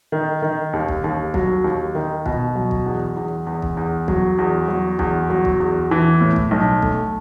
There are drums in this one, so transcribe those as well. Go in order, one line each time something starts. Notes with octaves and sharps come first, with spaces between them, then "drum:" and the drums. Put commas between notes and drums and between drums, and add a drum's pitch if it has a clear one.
D#3
D#3
D#2
drum: kick
D#2
F#3, drum: kick
D#2
D#3
B2, drum: kick
F#3
drum: kick
E2
E2
E2
drum: kick
E2
F#3, drum: kick
E2
F#3
E2, drum: kick
F#3
drum: kick
E2
E3
A2
drum: kick
B1
A3, drum: kick